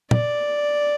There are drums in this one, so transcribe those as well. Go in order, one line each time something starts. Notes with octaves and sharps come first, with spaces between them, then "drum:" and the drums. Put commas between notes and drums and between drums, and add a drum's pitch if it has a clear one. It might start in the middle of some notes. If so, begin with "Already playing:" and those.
D5, drum: tom